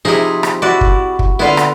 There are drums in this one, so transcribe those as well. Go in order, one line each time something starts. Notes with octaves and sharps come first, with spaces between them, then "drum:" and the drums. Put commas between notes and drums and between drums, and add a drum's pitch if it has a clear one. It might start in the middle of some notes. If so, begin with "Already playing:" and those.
C3 F3 D#4 E4 G#4
drum: rim click
E4 F#4 D5
drum: kick
drum: kick
D3 B3 E4 F4 F5
drum: rim click